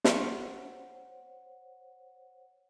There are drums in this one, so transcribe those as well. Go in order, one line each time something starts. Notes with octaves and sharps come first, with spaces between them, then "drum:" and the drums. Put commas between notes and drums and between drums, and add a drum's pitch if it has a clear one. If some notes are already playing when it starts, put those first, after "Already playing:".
F4 C5 C#5 F#5 G5 C#6, drum: snare